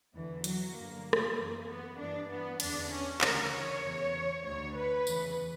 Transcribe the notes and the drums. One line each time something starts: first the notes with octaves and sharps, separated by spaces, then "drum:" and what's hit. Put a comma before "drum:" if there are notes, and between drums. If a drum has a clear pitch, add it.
E2 D3 E3
F#3, drum: hi-hat
G2 D3 A#3
drum: rim click
F#2 E3
B3
G2 E3 D4
B3
E2 D3 D4, drum: cymbal
C#4
D2 C#3 E3 A#4, drum: clap
C#5
E2 C#3 E3
D2 D3 C#5
B4
E2 C#3 E3, drum: tambourine